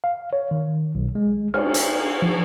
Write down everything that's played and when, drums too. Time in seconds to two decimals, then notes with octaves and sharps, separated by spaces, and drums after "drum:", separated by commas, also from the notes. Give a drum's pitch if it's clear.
0.04 F5
0.33 C#5
0.51 D#3
0.95 B1
1.15 G#3
1.54 F6, drum: cymbal
1.74 drum: hi-hat
2.22 F3